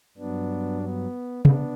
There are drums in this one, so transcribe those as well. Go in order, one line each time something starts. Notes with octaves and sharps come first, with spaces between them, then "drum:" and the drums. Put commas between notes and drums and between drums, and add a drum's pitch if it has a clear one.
G2 F#3 B3 D4
B3
B3 D4, drum: tom C3